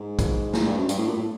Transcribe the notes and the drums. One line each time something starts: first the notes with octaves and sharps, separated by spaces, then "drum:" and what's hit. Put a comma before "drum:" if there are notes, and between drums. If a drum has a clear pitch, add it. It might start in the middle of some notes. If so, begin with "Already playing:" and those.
Already playing: G#2
drum: kick, hi-hat
G#2, drum: snare
G2
F#2
G2, drum: hi-hat
A2
A#2
A2